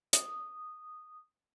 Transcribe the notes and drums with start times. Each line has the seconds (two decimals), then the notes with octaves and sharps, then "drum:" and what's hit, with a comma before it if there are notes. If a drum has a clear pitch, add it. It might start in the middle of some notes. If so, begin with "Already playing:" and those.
0.13 D#6, drum: hi-hat